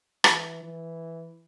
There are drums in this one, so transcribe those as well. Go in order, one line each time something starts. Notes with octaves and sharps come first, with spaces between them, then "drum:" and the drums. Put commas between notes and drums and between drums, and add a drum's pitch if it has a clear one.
E3, drum: rim click
E3